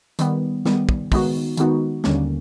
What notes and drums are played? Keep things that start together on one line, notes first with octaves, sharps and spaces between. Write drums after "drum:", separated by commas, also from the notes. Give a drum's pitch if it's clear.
D#3 G3 B3, drum: hi-hat
D#3 G3 B3, drum: snare
drum: kick
D#3 G#3 B3 D#4 F#4, drum: kick, open hi-hat
D#3 G#3 B3 D#4 F#4, drum: hi-hat
D#2 D3 G3 A#3 C#4, drum: snare